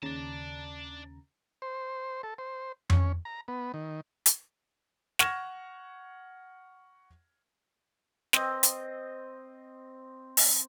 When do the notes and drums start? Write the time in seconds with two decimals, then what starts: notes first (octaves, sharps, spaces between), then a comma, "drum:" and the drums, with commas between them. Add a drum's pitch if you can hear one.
0.03 D#2 C#3 D5 A5 A#5
1.62 C5
2.23 A4
2.38 C5
2.90 C#4, drum: tom F2
3.25 A#5
3.48 B3
3.74 D#3
4.26 drum: hi-hat
5.19 F#5 C#6 F6 G#6 A#6 E7, drum: snare
8.33 C4 D#5, drum: snare
8.63 drum: hi-hat
10.37 drum: open hi-hat